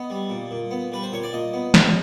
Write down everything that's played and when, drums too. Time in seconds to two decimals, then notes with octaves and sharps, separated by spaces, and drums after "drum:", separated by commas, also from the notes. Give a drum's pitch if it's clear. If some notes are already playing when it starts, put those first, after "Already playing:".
Already playing: B3 D#5
0.10 G3
0.30 A#2
0.51 A#2
0.71 B3
0.92 G3 B4
1.03 C5
1.12 A#2 C#5
1.23 D5
1.32 A#2 D#5
1.53 B3
1.74 G3, drum: snare